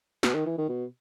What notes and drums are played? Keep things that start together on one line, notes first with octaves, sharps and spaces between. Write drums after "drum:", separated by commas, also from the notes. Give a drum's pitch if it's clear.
B2, drum: snare
D#3
E3
D#3
B2